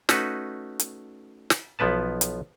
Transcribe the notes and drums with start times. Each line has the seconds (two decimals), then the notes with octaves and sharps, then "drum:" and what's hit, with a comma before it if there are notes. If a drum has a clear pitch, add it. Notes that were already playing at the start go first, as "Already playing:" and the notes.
0.09 A3 C#4 D#4 F#4 B4, drum: snare
0.79 drum: hi-hat
1.50 drum: snare
1.79 B1 F3 B3 B4 A5
2.21 drum: hi-hat